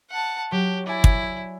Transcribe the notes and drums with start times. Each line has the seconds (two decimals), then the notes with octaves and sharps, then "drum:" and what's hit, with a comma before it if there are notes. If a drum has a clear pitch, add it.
0.10 F#5 A5
0.52 F#3 G4
0.86 E4 D5 G#5
1.04 drum: kick